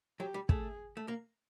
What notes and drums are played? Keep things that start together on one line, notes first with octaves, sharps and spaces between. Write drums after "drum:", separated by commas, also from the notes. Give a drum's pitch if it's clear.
F#3 G4
G3
A3 G#4, drum: kick
A3
A#3